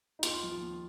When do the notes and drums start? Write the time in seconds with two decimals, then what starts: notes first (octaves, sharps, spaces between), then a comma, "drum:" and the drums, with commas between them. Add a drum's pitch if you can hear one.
0.19 D#4
0.23 D#2 F4, drum: hi-hat
0.43 F3
0.61 D#2